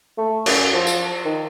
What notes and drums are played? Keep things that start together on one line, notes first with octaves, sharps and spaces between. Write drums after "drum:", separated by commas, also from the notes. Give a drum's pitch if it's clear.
A3
F#2, drum: cymbal
F3
drum: tambourine
D#3